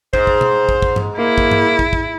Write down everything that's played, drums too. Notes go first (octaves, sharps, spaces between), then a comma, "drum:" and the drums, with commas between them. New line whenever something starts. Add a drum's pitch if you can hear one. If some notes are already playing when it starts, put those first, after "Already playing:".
G#2 C5, drum: kick
drum: kick
drum: tom B2
drum: kick
drum: kick
drum: tom G2
A#3 E4
drum: kick
drum: tom G2
drum: kick
drum: kick